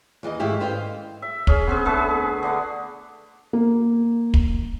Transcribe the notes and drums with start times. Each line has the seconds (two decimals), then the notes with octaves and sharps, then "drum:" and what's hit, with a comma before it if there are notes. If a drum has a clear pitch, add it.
0.23 D#2 E3 D5 D#5
0.39 G#2 D#3 A3 E4 G4 F5
0.60 B4 C5 D5 D#5 F5 G5
1.22 E5
1.47 C#4 G#4, drum: kick
1.67 B3 C4 G#4
1.85 D3 A3 G#4 B4
2.43 D3 D5 F#5
3.53 A#3
4.34 drum: kick